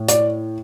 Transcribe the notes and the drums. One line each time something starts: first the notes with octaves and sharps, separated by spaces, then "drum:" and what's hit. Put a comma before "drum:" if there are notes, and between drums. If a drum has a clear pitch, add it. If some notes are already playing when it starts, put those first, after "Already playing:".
Already playing: A2
D5, drum: hi-hat